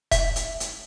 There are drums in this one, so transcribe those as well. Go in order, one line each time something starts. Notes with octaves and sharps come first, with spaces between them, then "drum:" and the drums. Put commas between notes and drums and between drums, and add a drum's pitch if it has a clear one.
E5, drum: kick E1, hi-hat
drum: hi-hat
drum: hi-hat